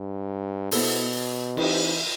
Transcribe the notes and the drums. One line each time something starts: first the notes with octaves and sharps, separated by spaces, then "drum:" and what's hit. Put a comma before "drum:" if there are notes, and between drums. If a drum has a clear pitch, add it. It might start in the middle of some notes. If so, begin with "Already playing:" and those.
Already playing: G2
B2 B3 E4 A4 C5, drum: open hi-hat
E3 C4 D#4 G4, drum: cymbal